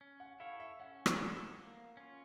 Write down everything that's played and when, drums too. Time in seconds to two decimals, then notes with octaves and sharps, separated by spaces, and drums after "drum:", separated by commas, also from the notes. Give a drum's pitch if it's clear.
0.01 C#4
0.20 F#5
0.40 E4 A4 C#5 F5
0.60 E5
0.79 C#4 F#5
1.06 drum: rim click
1.19 E4 A4 C#5
1.58 A#3
1.97 C#4 F4